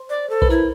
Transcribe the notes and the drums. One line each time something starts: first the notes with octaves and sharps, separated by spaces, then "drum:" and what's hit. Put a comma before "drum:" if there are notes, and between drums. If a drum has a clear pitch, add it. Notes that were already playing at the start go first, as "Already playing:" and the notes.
Already playing: C5
D5
A4
B4, drum: kick B1
E4 A#4